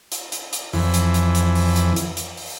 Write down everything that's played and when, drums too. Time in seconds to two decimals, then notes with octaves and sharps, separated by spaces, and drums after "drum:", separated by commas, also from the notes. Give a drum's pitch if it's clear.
0.12 drum: hi-hat
0.32 drum: hi-hat
0.53 drum: hi-hat
0.73 F2 E3, drum: open hi-hat
0.94 drum: hi-hat
1.14 drum: hi-hat
1.35 drum: hi-hat
1.55 drum: open hi-hat
1.76 drum: hi-hat
1.96 drum: hi-hat
2.17 drum: hi-hat
2.37 drum: open hi-hat